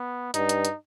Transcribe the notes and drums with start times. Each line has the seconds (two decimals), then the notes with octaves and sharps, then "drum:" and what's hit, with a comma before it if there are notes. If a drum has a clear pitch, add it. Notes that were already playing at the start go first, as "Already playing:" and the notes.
Already playing: B3
0.34 G2 D#4, drum: hi-hat
0.49 drum: hi-hat
0.65 drum: hi-hat